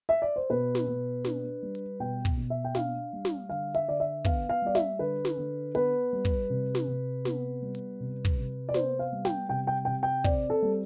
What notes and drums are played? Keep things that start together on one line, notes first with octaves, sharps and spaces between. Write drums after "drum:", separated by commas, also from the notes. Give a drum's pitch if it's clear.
E5
D5
C5
B2 B4
drum: snare
B2
D4, drum: snare
G3
drum: hi-hat
B2 G5
drum: kick, hi-hat
B2
E5
G5
D4 F5, drum: snare
G3
drum: snare
D3 F5
E5, drum: hi-hat
D3 D5
E5
B3 F5, drum: kick, hi-hat
F5
G3 D5
E5, drum: snare
D3 B4
drum: snare
D3
B3 B4, drum: hi-hat
G3
drum: kick, hi-hat
C3
drum: snare
C3
B3, drum: snare
G3
drum: hi-hat
C3
drum: kick, hi-hat
C3
D5
B3 C5, drum: snare
F5
G3
G5, drum: snare
C3 G5
G5
C3 G5
G5
C4 D5, drum: kick, hi-hat
A4
G3